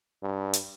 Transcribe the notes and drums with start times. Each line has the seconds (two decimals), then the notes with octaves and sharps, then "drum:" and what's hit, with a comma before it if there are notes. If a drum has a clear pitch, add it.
0.23 G2
0.53 drum: hi-hat